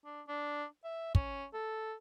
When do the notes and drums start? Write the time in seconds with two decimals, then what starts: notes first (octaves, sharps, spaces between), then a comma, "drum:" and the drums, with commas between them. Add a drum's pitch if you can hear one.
0.05 D4
0.28 D4
0.84 E5
1.15 C#4, drum: kick
1.54 A4